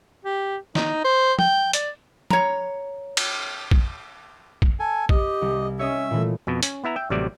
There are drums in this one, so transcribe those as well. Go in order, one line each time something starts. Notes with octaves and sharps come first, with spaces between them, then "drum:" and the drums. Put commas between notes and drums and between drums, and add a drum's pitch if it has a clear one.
G4
D#4, drum: snare
C5
G5, drum: tom
D5, drum: hi-hat
C#5 A#5, drum: tom
drum: cymbal
drum: kick A#1
drum: kick A#1
A4 G#5
G4 D#5, drum: kick A#1
C2
C#4 C#5 D#5 E5 D#6
A#2 E3 A3
F2 B2
C#4, drum: hi-hat
B3 E4 E5 A#5
E5 G5
A1 C3 F#3 G3 D5 E5